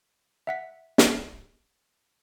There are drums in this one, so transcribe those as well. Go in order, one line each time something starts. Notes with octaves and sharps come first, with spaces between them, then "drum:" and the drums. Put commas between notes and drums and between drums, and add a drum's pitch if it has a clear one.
E5 F#5 B6
drum: snare